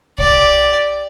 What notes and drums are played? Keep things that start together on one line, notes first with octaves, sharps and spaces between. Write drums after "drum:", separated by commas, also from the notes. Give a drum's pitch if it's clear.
G4 D5, drum: kick